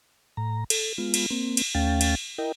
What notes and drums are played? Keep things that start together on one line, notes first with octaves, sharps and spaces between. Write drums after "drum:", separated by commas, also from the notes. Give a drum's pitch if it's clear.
A2 A#5
A4, drum: cymbal
G#3 B3 F4
drum: cymbal
A#3 C4
drum: cymbal
D#2 A3 C#4 F5 G5 A6
drum: cymbal
E4 A#4 D#5 G5